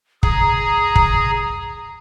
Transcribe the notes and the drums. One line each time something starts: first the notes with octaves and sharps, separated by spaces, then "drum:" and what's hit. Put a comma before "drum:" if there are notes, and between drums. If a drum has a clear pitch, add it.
G#4 A#5, drum: kick
drum: kick